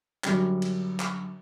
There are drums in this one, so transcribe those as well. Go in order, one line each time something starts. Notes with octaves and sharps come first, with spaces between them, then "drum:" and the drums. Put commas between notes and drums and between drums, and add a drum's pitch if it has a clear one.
F#2 D3 G3, drum: clap
drum: cymbal
drum: clap